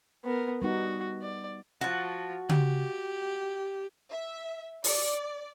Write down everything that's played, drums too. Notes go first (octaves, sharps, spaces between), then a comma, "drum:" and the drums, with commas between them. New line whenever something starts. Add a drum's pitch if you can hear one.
B3 A#4
G3 B3 D#4 F#4
D5
F3 F#4 A5
G4, drum: tom C#3
E5
D5, drum: open hi-hat